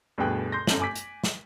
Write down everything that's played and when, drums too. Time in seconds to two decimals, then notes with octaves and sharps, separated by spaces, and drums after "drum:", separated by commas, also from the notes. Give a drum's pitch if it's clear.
0.18 D2 G2 B2 G#4 G5 F#6
0.52 C6 G6 A#6
0.67 G1 F#2 A4 G6 F#7, drum: snare
0.80 G#5 D6 B6
0.95 drum: hi-hat
1.24 drum: snare